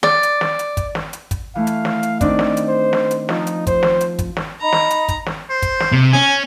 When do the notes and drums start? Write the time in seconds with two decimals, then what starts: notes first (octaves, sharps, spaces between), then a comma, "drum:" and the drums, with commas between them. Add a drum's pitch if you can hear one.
0.03 D5, drum: snare
0.23 drum: hi-hat
0.41 drum: snare
0.59 drum: hi-hat
0.77 drum: kick, hi-hat
0.95 drum: snare
1.13 drum: hi-hat
1.31 drum: kick, hi-hat
1.55 E3 A3 F5
1.67 drum: hi-hat
1.85 drum: snare
2.03 drum: hi-hat
2.21 D#3 C4 D4 D5, drum: kick, hi-hat
2.39 drum: snare
2.57 drum: hi-hat
2.68 C5
2.93 drum: snare
3.11 drum: hi-hat
3.29 F3 D#4, drum: snare
3.47 drum: hi-hat
3.67 C5, drum: kick, hi-hat
3.83 drum: snare
4.01 drum: hi-hat
4.19 drum: kick, hi-hat
4.37 drum: snare
4.61 D#4 A#5 B5
4.73 drum: snare
4.91 drum: hi-hat
5.08 drum: kick, hi-hat
5.26 drum: snare
5.50 C5
5.62 drum: kick, hi-hat
5.80 drum: snare
5.92 C3
6.13 C#4 G#5